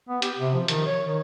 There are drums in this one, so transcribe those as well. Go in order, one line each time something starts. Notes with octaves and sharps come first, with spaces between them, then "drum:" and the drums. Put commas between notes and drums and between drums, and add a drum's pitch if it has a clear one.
B3
G4, drum: hi-hat
C3
F3
D#3, drum: hi-hat
C#5
D#3